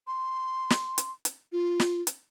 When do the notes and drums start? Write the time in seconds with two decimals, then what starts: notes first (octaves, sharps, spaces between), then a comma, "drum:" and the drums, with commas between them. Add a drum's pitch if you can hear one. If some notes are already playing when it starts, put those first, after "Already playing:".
0.07 C6
0.70 drum: snare
0.98 drum: hi-hat
1.25 drum: hi-hat
1.52 F4
1.80 drum: snare
2.07 drum: hi-hat